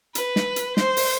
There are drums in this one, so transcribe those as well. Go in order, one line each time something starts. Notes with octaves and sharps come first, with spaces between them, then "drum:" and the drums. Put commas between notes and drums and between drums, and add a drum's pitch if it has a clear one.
B4, drum: hi-hat
drum: snare
drum: hi-hat
C5, drum: snare
drum: open hi-hat